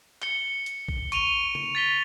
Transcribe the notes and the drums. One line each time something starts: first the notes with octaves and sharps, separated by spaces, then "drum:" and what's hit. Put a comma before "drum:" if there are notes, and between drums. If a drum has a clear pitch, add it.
C#7 G7, drum: clap
drum: hi-hat
drum: kick
C#6 D#7 F7 G7, drum: hi-hat
drum: tom C#3
A6 B6 G7